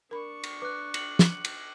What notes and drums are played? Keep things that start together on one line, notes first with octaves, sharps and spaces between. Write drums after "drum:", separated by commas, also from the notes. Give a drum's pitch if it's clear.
D4 A#4 B5 C#6
drum: cymbal
B4 D6 F#6
C#7 F#7, drum: cymbal
drum: snare
drum: cymbal